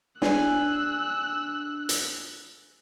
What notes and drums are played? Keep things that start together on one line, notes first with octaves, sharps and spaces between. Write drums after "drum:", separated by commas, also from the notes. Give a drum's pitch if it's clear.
D4 G#4 G#5 E6 F#6, drum: snare
drum: hi-hat